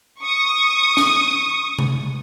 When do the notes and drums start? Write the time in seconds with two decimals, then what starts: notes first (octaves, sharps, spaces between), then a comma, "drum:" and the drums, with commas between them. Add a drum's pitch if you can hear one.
0.21 C#6 D#6
0.97 drum: snare
1.79 drum: tom C3